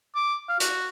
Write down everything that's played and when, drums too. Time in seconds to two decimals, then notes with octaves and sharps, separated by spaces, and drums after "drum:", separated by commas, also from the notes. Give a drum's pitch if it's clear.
0.15 D6
0.49 F5
0.60 F#4, drum: hi-hat